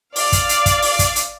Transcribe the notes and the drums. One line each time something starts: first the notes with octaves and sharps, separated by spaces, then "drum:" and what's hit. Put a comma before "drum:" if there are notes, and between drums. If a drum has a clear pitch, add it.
D5 F5, drum: open hi-hat
drum: kick, hi-hat
drum: hi-hat
drum: kick, hi-hat
drum: open hi-hat
drum: kick, hi-hat
drum: hi-hat